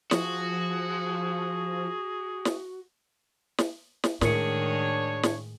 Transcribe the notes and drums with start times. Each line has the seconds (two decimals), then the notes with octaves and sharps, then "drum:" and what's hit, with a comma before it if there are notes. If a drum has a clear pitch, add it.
0.11 F3 F#4 G#4, drum: snare
2.45 drum: snare
3.58 drum: snare
4.04 drum: snare
4.21 A2 D#3 G#3 D4 G#4 A#4 C#5 C#7, drum: snare
5.23 drum: snare